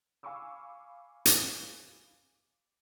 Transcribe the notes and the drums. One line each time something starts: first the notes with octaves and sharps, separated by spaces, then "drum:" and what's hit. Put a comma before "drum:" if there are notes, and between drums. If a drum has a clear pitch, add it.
F5 G#5 B5 C#6 D6 E6
drum: hi-hat